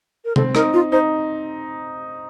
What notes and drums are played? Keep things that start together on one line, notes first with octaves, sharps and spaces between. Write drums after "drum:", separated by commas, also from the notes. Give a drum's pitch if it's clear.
A#4
C4 A4, drum: tom C3
D#4 A#4, drum: rim click
F4
D#4 C5